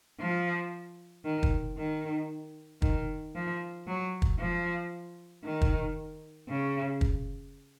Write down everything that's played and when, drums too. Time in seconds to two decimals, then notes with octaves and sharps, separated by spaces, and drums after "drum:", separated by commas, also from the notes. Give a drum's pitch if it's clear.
0.20 F3
1.25 D#3
1.43 drum: kick
1.78 D#3
2.82 D#3, drum: kick
3.35 F3
3.87 F#3
4.22 drum: kick
4.39 F3
5.44 D#3
5.61 drum: kick
6.49 C#3
7.01 drum: kick